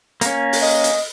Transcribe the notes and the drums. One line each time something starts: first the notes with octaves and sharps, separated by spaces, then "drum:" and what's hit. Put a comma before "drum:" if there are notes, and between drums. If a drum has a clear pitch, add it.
A#3 C#4, drum: hi-hat
drum: open hi-hat
D#5
drum: hi-hat